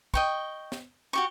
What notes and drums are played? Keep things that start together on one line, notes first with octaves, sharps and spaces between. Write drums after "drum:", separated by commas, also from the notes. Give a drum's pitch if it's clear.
D#5 G5 C#6, drum: kick
drum: snare
F#4 G4 C#6